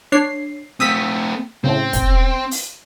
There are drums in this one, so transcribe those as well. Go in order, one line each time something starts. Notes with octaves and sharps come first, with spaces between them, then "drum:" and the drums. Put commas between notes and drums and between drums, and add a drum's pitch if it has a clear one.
D4 C#5 C7
A3 C4 D#6 E6 B6
A2 C#3 C4
drum: kick, hi-hat
drum: open hi-hat